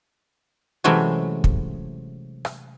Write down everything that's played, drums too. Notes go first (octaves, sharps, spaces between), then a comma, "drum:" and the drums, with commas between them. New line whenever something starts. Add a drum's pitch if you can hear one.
C3 E3 F#3 G#3 A3 C#4
drum: kick
drum: rim click